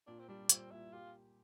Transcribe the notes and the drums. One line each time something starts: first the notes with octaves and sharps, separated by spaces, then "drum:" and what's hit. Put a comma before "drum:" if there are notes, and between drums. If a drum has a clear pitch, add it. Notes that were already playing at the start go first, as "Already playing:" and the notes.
A#2 D4
C4
G3 D4
A#2 C4, drum: hi-hat
A#2 E4
F4 G4